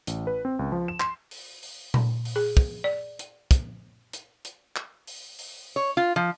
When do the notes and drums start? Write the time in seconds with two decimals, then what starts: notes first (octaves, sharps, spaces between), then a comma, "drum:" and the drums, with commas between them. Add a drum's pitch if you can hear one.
0.07 A1, drum: hi-hat
0.27 B4
0.45 C4
0.59 C#2
0.72 F3
0.88 E7
1.00 C6, drum: clap
1.31 drum: open hi-hat
1.63 drum: open hi-hat
1.94 drum: tom A#2
2.25 drum: open hi-hat
2.36 G#4
2.57 drum: kick
2.84 D5
3.19 drum: hi-hat
3.51 drum: kick, hi-hat
4.13 drum: hi-hat
4.45 drum: hi-hat
4.76 drum: clap
5.07 drum: open hi-hat
5.39 drum: open hi-hat
5.76 C#5
5.97 F4
6.16 F3